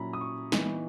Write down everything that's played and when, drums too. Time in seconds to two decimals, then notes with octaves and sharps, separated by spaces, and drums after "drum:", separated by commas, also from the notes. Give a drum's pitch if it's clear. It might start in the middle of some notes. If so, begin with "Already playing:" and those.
Already playing: A#2 F#3 C#4 E4 A#5 B5
0.13 D#6
0.21 C#6
0.52 E3 B3 D#4, drum: snare